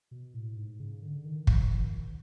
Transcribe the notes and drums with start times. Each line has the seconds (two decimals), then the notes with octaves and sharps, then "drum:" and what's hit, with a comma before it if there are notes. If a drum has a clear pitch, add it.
0.11 B2
0.34 A2
0.56 G#2
0.80 C#3
1.02 D3
1.25 D#3
1.47 F3, drum: kick
1.69 D#3